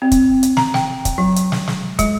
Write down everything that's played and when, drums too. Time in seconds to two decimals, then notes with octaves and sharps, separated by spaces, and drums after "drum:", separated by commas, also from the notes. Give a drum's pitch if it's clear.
0.02 C4
0.12 drum: kick, hi-hat
0.43 drum: hi-hat
0.57 A#5, drum: snare
0.74 G5, drum: snare
1.05 drum: kick, hi-hat
1.18 F#3
1.36 drum: hi-hat
1.52 drum: snare
1.68 drum: snare
1.99 G#3, drum: kick, hi-hat